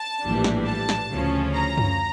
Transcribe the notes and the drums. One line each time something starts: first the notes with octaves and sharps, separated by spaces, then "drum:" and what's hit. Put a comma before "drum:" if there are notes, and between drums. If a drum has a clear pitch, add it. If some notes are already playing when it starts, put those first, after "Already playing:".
Already playing: A5
A#1 A2 E3 G3 D4
drum: snare
A5
drum: snare
D2 C#3 F3 C#4
A#5
drum: tom F#2